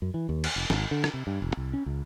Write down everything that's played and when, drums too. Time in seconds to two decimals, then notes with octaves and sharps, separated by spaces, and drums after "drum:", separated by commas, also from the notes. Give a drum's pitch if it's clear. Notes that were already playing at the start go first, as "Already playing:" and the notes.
0.02 F#2
0.14 E3
0.29 D#2
0.44 drum: cymbal
0.56 F1
0.70 G#1, drum: snare
0.91 D3
1.04 drum: rim click
1.14 C3
1.27 G2
1.42 E1
1.57 C2
1.73 C#4
1.86 C#2